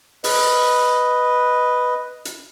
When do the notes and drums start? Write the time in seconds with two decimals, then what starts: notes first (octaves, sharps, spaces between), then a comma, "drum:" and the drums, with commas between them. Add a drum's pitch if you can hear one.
0.24 B4 D#5, drum: open hi-hat
2.25 drum: hi-hat